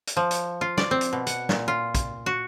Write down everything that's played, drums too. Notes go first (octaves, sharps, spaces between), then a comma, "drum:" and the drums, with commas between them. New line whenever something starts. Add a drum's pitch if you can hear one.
drum: hi-hat
F3
drum: hi-hat
F4
D5, drum: snare
C4
drum: hi-hat
B2
F#5, drum: hi-hat
A#2, drum: snare
F4
drum: kick, hi-hat
F#4